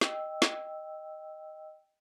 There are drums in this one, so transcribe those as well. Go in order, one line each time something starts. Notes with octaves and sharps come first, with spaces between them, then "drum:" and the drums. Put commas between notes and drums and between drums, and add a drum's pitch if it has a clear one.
D#5 G5 E6, drum: snare
drum: snare